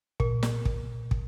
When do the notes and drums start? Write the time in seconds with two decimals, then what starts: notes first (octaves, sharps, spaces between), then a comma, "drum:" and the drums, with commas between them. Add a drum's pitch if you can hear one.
0.20 A#2, drum: kick
0.43 drum: snare
0.65 drum: kick
1.11 drum: kick